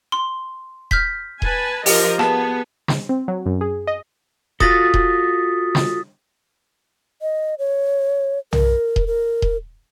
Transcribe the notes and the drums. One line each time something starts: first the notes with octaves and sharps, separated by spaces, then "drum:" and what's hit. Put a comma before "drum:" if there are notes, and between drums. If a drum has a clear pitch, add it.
C6
F6 G6 B6, drum: kick D#1
B4 G#5 A5, drum: kick D#1
F3 G4 A#4 D#5, drum: open hi-hat
B3 G#4 A5, drum: rim click
drum: snare
C4
F#3
F#2
G#4
D#5
F4 F#4 A4 D#6 A6 B6, drum: kick D#1
drum: kick D#1
drum: snare
D#5
C#5
A#4, drum: tom B1
drum: kick D#1
A#4
drum: kick D#1